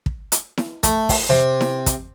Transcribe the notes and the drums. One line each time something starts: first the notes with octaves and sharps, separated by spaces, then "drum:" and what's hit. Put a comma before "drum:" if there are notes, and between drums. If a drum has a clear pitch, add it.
drum: kick
drum: hi-hat
drum: snare E4
A3, drum: kick, hi-hat
drum: kick, open hi-hat
C3
drum: snare E4
drum: kick, hi-hat